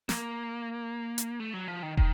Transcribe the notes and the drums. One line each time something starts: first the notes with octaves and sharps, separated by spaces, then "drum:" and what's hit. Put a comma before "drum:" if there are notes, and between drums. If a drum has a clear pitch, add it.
A#3, drum: snare
drum: hi-hat
A3
F#3
F3
D#3
D#3, drum: kick